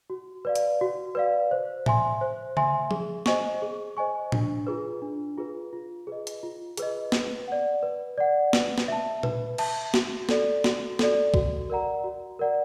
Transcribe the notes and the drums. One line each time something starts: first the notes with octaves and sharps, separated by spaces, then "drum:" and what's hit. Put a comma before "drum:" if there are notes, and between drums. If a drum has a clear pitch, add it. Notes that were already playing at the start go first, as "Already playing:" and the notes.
F#4
B4 D5 F5
drum: hi-hat
F#4
B4 D5 F5
C5
E5 G#5 C6, drum: tom A2
C5
E5 G#5 C6, drum: tom C#3
G#4, drum: tom F3
C5 D#5 G#5 C#6, drum: snare
G#4
C5 D#5 G#5 C#6
D4, drum: tom A2
F4 G#4 B4
D4
F4 G#4 B4
F4
G#4 B4 D#5
drum: hi-hat
F4
G#4 B4 D#5, drum: hi-hat
B4, drum: snare
D5 F#5
B4
D5 F#5
B4, drum: snare
drum: snare
E5 A5
B4, drum: tom A#2
E5 A5, drum: cymbal
F#4, drum: snare
A4 D5, drum: snare
F#4, drum: snare
A4 D5, drum: snare
F#4, drum: kick
A#4 D5 F#5 A#5
F#4
A#4 D5 F#5 A#5